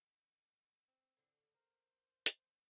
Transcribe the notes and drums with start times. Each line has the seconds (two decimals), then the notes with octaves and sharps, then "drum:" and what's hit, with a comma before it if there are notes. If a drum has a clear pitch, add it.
0.88 C4
1.17 A2 D3
1.54 A#4 C5
2.26 drum: hi-hat